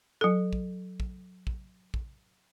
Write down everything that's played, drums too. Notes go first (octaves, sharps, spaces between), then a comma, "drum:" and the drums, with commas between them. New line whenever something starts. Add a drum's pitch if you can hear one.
F#3 A4
drum: kick
drum: kick
drum: kick
drum: kick